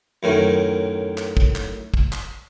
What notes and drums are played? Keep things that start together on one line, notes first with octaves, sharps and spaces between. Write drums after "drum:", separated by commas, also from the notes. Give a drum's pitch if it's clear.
F#2 A2 D#3
drum: clap
drum: kick
drum: clap
drum: kick
drum: clap